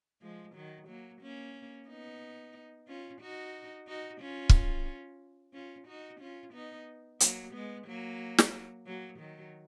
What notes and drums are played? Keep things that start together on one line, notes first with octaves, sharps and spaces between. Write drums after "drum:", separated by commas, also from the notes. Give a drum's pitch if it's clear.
F3 G#3
D#3 F#3
F#3 A#3
A#3 C#4
B3 D#4
C#4 F4
D#4 F#4
D#4 F#4
C#4 F4
drum: kick
C#4 F4
D#4 F#4
C#4 F4
B3 D#4
F#3 A#3, drum: hi-hat
G#3 B3
F#3 A#3
drum: snare
F#3 A#3
D#3 F#3